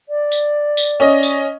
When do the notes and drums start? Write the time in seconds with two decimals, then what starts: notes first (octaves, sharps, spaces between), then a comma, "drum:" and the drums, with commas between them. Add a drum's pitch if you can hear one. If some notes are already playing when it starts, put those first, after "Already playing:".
0.09 D5
0.32 drum: tambourine
0.77 drum: tambourine
1.00 C#4 D#5
1.23 drum: tambourine